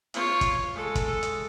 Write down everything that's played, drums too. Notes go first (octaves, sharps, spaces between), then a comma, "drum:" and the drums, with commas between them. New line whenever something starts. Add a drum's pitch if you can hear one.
F4 C#5, drum: hi-hat
drum: kick, hi-hat
G#3 A4
drum: kick, hi-hat
drum: hi-hat